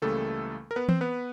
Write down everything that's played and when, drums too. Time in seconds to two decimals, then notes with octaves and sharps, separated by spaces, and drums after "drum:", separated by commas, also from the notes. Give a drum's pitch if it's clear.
0.02 C#2 C#3 E3 G3 A3 A#3 A4
0.71 A#4
0.76 B3 B4
0.89 C4 C5, drum: tom E3
1.01 B3 B4